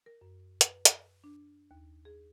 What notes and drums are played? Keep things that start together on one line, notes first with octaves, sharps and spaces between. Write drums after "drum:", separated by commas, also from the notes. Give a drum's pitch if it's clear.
A#4
F#2
B4, drum: hi-hat
F#6, drum: hi-hat
D4
D#2
G#4